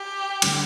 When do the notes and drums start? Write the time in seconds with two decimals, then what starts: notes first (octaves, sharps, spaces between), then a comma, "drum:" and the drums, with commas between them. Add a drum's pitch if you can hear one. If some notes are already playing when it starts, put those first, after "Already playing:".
Already playing: G4
0.42 D3 G3, drum: cymbal